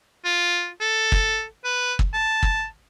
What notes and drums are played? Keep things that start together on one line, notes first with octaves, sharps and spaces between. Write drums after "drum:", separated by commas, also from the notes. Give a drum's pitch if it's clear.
F4
A4
drum: kick
B4
drum: kick
A5
drum: kick